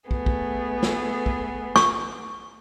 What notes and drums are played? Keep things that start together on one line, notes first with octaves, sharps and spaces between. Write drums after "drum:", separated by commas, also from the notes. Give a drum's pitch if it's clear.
A3 B3 G#4, drum: kick
drum: kick
drum: snare
drum: kick
C#6, drum: snare